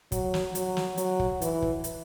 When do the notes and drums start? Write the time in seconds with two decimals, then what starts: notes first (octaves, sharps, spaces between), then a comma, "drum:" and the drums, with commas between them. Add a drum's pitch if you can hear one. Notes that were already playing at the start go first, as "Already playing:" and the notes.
0.12 F#3, drum: kick, hi-hat
0.34 drum: snare
0.55 F#3, drum: hi-hat
0.77 drum: snare
0.97 F#3, drum: hi-hat
1.19 drum: kick
1.41 E3, drum: hi-hat
1.62 drum: kick
1.84 drum: hi-hat